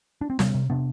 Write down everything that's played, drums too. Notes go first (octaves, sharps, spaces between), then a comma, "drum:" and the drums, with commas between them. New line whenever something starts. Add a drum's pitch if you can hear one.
D4
C4
C3 G3 B3, drum: snare
C3
C3 B3 D4